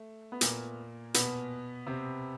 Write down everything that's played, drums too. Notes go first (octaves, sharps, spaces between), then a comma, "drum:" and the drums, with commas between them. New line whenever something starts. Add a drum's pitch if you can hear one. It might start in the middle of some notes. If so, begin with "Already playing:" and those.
Already playing: A3
B3
A#2 A#3, drum: hi-hat
B2 B3, drum: hi-hat
C3 C4